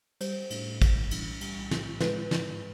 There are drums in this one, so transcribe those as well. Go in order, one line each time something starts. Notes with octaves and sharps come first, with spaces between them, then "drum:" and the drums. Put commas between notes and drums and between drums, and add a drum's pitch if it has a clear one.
G3 C5, drum: cymbal
A2, drum: cymbal
B1, drum: kick, cymbal
E3, drum: cymbal
G3, drum: cymbal
A2, drum: snare
G#3 B4, drum: snare
G#2, drum: snare